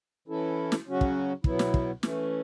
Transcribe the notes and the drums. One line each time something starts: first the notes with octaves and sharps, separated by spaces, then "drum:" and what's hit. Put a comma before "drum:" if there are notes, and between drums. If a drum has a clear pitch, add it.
E3 C#4 E4 A4
drum: snare
C#3 F#3 C#4 F#4
drum: kick
B2 F#3 B3 E4, drum: kick
drum: snare
drum: kick
E3 A3 C#4, drum: snare